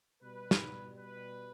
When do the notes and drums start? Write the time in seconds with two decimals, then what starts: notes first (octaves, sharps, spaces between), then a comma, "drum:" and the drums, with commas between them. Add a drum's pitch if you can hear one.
0.21 B2 G3 B4
0.51 drum: snare
0.99 B4